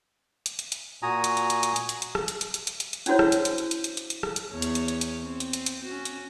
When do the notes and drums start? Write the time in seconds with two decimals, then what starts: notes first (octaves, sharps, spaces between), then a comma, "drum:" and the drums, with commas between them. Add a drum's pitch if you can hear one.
0.46 drum: hi-hat
0.59 drum: hi-hat
0.72 drum: hi-hat
1.03 A#2 F#4 G#5 A#5 D#6
1.24 drum: hi-hat
1.37 drum: hi-hat
1.50 drum: hi-hat
1.63 drum: hi-hat
1.76 drum: hi-hat
1.89 drum: hi-hat
2.02 drum: hi-hat
2.15 drum: rim click
2.28 drum: hi-hat
2.41 drum: hi-hat
2.54 drum: hi-hat
2.67 drum: hi-hat
2.80 drum: hi-hat
2.93 drum: hi-hat
3.06 C#4 D4 E4 F#4 C5 C#5, drum: hi-hat
3.19 drum: rim click
3.32 drum: hi-hat
3.45 drum: hi-hat
3.58 drum: hi-hat
3.71 drum: hi-hat
3.84 drum: hi-hat
3.97 drum: hi-hat
4.10 drum: hi-hat
4.23 drum: rim click
4.36 drum: hi-hat
4.52 E2 C#5
4.62 drum: hi-hat
4.75 drum: hi-hat
4.88 drum: hi-hat
5.01 drum: hi-hat
5.23 C4
5.40 drum: hi-hat
5.53 drum: hi-hat
5.66 drum: hi-hat
5.85 C#4 F#4
6.05 drum: hi-hat